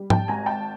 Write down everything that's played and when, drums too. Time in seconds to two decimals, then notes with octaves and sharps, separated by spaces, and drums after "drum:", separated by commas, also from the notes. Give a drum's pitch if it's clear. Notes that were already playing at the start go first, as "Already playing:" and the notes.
Already playing: G3
0.10 G5 A5, drum: tom G#2
0.28 G#1 G#5 A#5
0.46 G5 A5